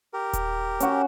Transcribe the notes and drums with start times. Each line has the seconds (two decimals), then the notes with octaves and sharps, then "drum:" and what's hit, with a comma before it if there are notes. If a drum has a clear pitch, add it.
0.13 G4 A#4
0.33 drum: kick D#1, hi-hat
0.80 C#4 F#4, drum: hi-hat